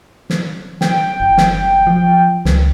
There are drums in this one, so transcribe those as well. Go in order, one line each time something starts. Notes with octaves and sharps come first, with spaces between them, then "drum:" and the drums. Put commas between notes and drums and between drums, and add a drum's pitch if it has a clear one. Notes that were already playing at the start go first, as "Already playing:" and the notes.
drum: snare
G5, drum: snare
F#1
drum: snare
F3
C#2, drum: snare